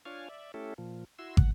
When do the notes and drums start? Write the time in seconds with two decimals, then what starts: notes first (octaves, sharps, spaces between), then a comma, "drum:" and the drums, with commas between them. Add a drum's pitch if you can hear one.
0.05 D4 F4 C#5 F5 G#5
0.29 D5 E5
0.54 A3 C#4 E4 G4 A4
0.78 A#2 F3
1.19 E4 F#4 C6 E6
1.37 E2 F#5, drum: kick